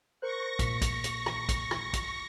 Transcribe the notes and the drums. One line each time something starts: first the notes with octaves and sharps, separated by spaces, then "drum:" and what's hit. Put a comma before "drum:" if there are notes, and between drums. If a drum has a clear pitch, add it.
A#4 C5 C#6 F#6 A#6
A#2 B6 C#7, drum: kick, hi-hat
drum: kick, hi-hat
drum: hi-hat
drum: rim click
drum: kick, hi-hat
drum: rim click
drum: kick, hi-hat